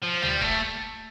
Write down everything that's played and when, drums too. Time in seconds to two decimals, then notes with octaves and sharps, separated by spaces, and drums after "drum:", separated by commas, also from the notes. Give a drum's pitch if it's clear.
0.03 F3
0.22 G3, drum: tom D2
0.41 A3, drum: kick